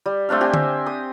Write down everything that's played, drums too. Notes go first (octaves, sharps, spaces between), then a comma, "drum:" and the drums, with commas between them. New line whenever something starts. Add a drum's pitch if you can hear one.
G3
A3 C4 D4 F5
C4 G4 G#5
E5, drum: tom D3
D#6